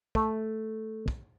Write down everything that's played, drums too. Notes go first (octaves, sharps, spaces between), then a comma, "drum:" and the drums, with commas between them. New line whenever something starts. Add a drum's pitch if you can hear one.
A3, drum: kick
drum: kick